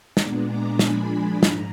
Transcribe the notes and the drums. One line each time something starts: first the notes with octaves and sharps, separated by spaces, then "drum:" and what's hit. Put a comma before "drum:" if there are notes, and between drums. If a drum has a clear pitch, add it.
A#2 G#3 B3 D4 A#5 D6, drum: snare
A#5 D6
A#2 F3 G#3 D4 G#5 B5, drum: snare
G#2 A#5, drum: snare